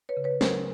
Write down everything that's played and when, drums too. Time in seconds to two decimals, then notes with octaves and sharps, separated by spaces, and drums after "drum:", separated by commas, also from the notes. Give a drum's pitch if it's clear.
0.09 B4 C#5
0.17 C#3
0.24 B4 C#5
0.41 F#3 A#4 C5, drum: snare